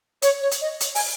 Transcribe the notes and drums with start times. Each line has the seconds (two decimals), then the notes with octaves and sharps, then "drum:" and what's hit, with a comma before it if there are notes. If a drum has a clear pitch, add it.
0.22 C#5, drum: hi-hat
0.42 C#5
0.52 drum: hi-hat
0.61 D#5
0.81 drum: hi-hat
0.95 G#5, drum: open hi-hat